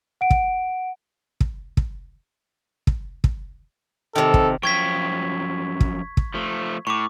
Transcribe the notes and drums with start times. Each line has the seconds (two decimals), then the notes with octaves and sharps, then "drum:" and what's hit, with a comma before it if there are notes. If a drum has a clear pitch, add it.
0.21 F#5 D7
0.31 drum: kick
1.40 drum: kick
1.77 drum: kick
2.87 drum: kick
3.24 drum: kick
4.15 C3 D#3 A4
4.34 drum: kick
4.63 F#2 F3 G5 C#6 G#6 B6
5.80 drum: kick
6.17 drum: kick
6.34 F3 A3
6.87 A2 C#6 D6